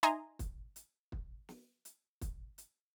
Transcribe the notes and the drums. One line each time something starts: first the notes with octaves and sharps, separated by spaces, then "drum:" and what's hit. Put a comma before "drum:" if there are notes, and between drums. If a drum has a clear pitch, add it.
D#4 E5 G#5 A#5 C6 D#6, drum: hi-hat
drum: kick, hi-hat
drum: hi-hat
drum: kick
drum: snare
drum: hi-hat
drum: kick, hi-hat
drum: hi-hat